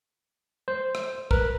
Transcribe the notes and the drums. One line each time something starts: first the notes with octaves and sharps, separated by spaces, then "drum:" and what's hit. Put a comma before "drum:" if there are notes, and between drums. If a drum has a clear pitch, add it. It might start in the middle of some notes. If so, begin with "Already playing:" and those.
C5
drum: rim click
A#4 B4, drum: kick